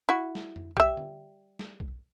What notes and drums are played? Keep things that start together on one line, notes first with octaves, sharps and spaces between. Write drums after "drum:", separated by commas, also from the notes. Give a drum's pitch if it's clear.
E4 F#4
drum: snare
drum: tom F2
G3 E5, drum: kick
drum: tom D3
drum: snare
drum: kick